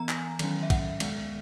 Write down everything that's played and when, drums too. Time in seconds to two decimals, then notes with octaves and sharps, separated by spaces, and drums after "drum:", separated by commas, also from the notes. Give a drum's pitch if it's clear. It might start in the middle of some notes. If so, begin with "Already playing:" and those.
Already playing: E3 B3 A#5
0.09 G#5, drum: clap
0.39 D#3 F#3 C#4, drum: cymbal
0.63 E5
0.70 F#5, drum: kick, cymbal
1.00 D#3 G#3 B3, drum: cymbal